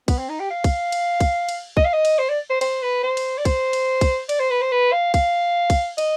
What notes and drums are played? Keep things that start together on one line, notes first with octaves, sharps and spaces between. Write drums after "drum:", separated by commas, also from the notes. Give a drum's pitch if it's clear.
B3, drum: kick, cymbal
C4
D#4
G4
F5
drum: kick, cymbal
drum: cymbal
drum: kick, cymbal
drum: cymbal
D#5, drum: kick
F5
D#5
drum: cymbal
C5
D5
C5
C5, drum: cymbal
B4
C5
drum: cymbal
D5
C5, drum: kick, cymbal
drum: cymbal
drum: kick, cymbal
D5, drum: cymbal
C5
B4
C5
B4
F5
F5, drum: kick, cymbal
drum: kick, cymbal
D#5, drum: cymbal